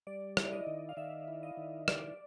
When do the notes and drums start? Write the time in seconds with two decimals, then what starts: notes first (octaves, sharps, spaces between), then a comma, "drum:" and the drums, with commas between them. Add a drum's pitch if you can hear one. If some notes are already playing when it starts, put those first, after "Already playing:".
0.07 G3 D5
0.37 E4, drum: rim click
0.43 D5
0.52 D#5
0.67 D#3
0.89 F5
0.97 D#3 E5
1.28 E4
1.43 D#5
1.57 D#3
1.88 E4 D5, drum: rim click